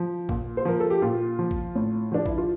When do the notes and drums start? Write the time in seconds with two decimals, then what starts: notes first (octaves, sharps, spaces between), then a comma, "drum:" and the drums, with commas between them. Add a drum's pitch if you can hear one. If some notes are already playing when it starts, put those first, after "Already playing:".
Already playing: F3
0.29 A#2, drum: kick A1
0.57 C5
0.65 F3 A#4
0.80 A4
0.90 G4
1.02 A#2 F4
1.39 F3
1.51 drum: kick A1
1.75 A2
2.12 F3 D4
2.26 E4, drum: kick A1
2.38 F4